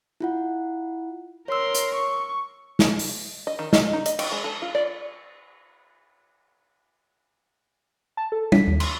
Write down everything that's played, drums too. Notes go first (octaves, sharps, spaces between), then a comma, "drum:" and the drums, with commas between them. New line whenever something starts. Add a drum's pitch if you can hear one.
E4 F4 F#5
A#4 C#5 C6 E6
drum: hi-hat
C#6
drum: snare
drum: open hi-hat
D#5
D#3
D#5, drum: snare
D#4
D#5, drum: hi-hat
G5, drum: cymbal
G#3
A4
F4
D5
A5
A4
B6, drum: tom
D#2
C6, drum: cymbal